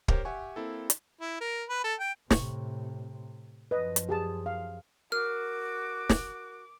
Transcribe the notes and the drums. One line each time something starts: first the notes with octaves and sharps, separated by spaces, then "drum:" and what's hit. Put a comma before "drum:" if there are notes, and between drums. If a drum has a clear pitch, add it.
G4 A#4 C5 C#5, drum: kick
G4 E5 F#5 G#5 C#6
A#3 C4 E4 A4
drum: hi-hat
E4
A#4
B4
A4
G5
A2 C3 C#6, drum: snare
F#2 F3 B4 D#5
drum: hi-hat
G4 G#4 A5
F5
F#4 A#4 D6 F6
drum: snare